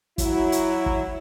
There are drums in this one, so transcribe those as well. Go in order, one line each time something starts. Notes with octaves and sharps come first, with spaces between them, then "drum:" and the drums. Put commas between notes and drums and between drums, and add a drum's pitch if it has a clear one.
F#3 E4, drum: kick, hi-hat
drum: hi-hat
drum: kick